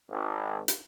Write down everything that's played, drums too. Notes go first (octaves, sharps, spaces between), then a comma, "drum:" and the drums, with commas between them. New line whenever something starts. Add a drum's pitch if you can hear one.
G#1
drum: hi-hat